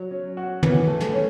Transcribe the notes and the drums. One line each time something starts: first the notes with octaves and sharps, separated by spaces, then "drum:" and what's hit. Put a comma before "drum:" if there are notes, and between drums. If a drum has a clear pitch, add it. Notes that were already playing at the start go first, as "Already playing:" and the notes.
Already playing: F#3
C#4
F#4
E3, drum: tom
A3
drum: snare
C#4